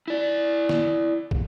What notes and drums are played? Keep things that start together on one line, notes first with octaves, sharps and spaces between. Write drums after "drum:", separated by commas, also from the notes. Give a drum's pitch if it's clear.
E4 D5
drum: snare
drum: kick